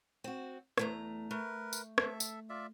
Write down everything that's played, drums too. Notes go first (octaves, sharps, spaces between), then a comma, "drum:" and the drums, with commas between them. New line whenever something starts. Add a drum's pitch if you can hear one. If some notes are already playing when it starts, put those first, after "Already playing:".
C4 F#4
E2 A3 A#5, drum: rim click
A3 A#4 B4
drum: tambourine
A4 E5, drum: rim click
drum: tambourine
F4 D5 E5